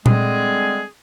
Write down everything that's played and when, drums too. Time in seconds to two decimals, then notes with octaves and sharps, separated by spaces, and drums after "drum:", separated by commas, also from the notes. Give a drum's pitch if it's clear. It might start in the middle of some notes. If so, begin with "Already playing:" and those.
0.06 D3 G3 G#3 C4 G#4, drum: tom A#2